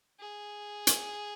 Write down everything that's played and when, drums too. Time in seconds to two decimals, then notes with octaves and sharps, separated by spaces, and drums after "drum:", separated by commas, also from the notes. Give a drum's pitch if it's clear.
0.20 G#4
0.87 drum: hi-hat